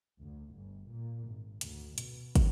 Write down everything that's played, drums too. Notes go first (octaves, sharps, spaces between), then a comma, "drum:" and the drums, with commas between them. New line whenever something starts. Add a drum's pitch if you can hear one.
D2
G1
A#2
G#1
D2, drum: hi-hat
B2, drum: hi-hat
drum: kick, hi-hat